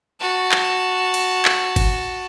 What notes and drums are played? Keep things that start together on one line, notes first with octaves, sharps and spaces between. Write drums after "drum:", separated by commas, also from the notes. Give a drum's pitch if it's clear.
F#4 A5
drum: clap
drum: cymbal
drum: clap
drum: kick, cymbal